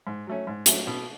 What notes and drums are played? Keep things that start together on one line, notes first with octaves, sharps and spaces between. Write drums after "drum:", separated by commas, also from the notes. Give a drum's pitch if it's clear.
G#2
F#3 A3 C#4
G#2
F#3 A3 C#4, drum: hi-hat
B2